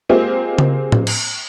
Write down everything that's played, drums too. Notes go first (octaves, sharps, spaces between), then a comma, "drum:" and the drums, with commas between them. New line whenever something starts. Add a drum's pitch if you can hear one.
G#3 A#3 C4 F4 G4 G#4
drum: tom C#3
drum: tom A2
drum: cymbal